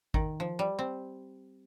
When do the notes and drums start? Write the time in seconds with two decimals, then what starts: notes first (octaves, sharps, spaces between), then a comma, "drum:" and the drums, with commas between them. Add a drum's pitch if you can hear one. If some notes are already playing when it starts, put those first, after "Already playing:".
0.14 D#3, drum: kick G#1
0.40 F3
0.59 G3
0.79 C4